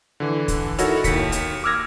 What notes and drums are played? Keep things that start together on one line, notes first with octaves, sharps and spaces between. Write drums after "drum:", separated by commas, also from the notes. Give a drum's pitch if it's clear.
D3 E3
drum: kick, hi-hat
D#4 E4 F#4 A4 A#4 C#5, drum: hi-hat
D#2 D#3 B6 C#7, drum: kick, hi-hat
drum: hi-hat
D6 E6 F6 G#6 A#6